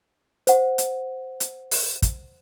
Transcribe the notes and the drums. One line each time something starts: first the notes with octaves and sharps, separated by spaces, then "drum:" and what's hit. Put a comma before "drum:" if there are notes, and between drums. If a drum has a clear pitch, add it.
C5 F#5, drum: hi-hat
drum: hi-hat
drum: hi-hat
drum: open hi-hat
drum: kick, hi-hat